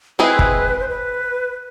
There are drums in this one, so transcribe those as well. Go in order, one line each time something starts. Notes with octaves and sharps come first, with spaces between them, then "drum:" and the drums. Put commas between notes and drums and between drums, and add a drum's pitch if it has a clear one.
G#3 C4 E4 G#4 B4
drum: kick
C5
B4